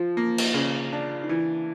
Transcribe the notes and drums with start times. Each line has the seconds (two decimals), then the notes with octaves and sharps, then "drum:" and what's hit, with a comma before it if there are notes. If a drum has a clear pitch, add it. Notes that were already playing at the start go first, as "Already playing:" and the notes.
Already playing: F3 F4
0.17 A#3
0.38 drum: cymbal
0.54 C#3
0.92 D4
1.24 D#4
1.29 E3 E4